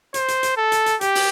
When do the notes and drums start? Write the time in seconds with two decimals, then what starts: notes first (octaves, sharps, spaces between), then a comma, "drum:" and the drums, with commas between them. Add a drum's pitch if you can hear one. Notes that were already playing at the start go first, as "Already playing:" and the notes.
0.14 C5, drum: hi-hat
0.28 drum: hi-hat
0.43 drum: hi-hat
0.57 A4
0.72 drum: hi-hat
0.86 drum: hi-hat
1.01 G4, drum: hi-hat
1.15 drum: open hi-hat